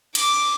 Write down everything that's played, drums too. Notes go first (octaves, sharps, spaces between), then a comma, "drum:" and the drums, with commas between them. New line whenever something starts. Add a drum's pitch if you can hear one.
D6, drum: cymbal